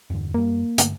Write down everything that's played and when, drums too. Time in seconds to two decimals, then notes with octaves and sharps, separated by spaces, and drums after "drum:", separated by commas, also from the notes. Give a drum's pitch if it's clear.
0.10 E2 G2 D3
0.34 F#2 G3 A#3
0.78 G2 D3 A3, drum: hi-hat